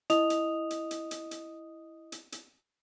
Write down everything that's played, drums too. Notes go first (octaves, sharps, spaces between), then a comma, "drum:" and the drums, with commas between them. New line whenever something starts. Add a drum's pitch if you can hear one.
E4 D#5 D#6 F7, drum: hi-hat
drum: hi-hat
drum: hi-hat
drum: hi-hat
drum: hi-hat
drum: hi-hat
drum: hi-hat
drum: hi-hat